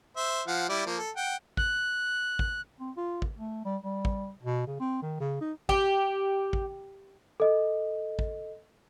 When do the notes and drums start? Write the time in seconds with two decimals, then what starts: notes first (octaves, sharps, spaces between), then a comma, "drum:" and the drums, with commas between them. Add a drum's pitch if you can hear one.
0.17 C5 E5
0.48 F3 F5 F#5
0.69 G3 E4 D5
0.86 F3 A#3
0.98 A4
1.16 F#5 G5
1.57 F#6, drum: kick
2.39 drum: kick
2.80 C4
2.97 F4
3.22 drum: kick
3.37 A3
3.65 G3
3.84 G3
4.05 drum: kick
4.43 B2
4.67 C#3
4.80 C4
5.02 D#3
5.20 C#3
5.41 D#4
5.69 G4, drum: kick
6.53 drum: kick
7.40 A4 D#5
8.19 drum: kick